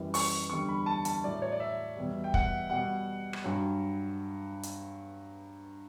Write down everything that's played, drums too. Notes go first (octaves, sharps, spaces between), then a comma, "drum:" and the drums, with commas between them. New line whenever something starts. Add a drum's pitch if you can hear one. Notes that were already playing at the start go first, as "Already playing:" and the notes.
Already playing: F#2 E3 G3
C#6, drum: open hi-hat
E2 D3 G3 C#6
B5
A5
A5, drum: hi-hat
A2 F#3 D5
C#5
D5
E5
E2 B2 G3
G5
F#5, drum: kick
B2 G3 F#5
drum: rim click
G2 F#3
drum: hi-hat